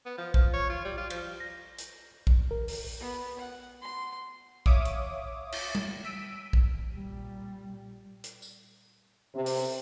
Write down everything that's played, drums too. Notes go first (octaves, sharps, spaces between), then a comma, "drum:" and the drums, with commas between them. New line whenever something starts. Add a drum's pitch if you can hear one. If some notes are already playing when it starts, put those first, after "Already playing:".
B3
F3
F3, drum: kick A#1
C#5
F4
G3
F4
F3, drum: cymbal
A#6
drum: hi-hat
drum: kick A#1
A#4
drum: open hi-hat
B3
F#5
C6
C#5 E5 F5 D6 D#6, drum: kick A#1
drum: hi-hat
drum: cymbal
drum: tom
E6 B6 D7 D#7
drum: kick A#1
A#2 G3
drum: hi-hat
drum: tambourine
C3
drum: open hi-hat